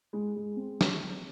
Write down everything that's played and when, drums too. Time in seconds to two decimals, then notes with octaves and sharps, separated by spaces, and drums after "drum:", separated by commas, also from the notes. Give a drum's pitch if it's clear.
0.13 G#3
0.36 G#3
0.57 C4
0.81 drum: snare